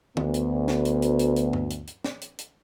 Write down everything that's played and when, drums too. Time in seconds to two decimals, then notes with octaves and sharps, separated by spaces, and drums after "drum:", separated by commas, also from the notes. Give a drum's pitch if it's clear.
0.17 D2 B3, drum: tom D3
0.34 drum: hi-hat
0.68 drum: snare
0.85 drum: hi-hat
1.02 drum: hi-hat
1.19 drum: hi-hat
1.36 drum: hi-hat
1.53 drum: tom G2
1.70 drum: hi-hat
1.87 drum: hi-hat
2.04 drum: snare
2.21 drum: hi-hat
2.39 drum: hi-hat